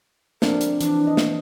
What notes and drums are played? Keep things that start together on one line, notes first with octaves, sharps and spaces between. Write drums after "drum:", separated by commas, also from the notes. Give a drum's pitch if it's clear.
F3 C4 D4 A#4, drum: snare
drum: hi-hat
E3 D4, drum: hi-hat
D#5
drum: snare